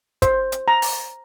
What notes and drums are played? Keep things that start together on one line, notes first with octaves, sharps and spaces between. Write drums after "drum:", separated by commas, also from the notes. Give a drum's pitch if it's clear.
C5, drum: kick, hi-hat
drum: hi-hat
A#5
drum: open hi-hat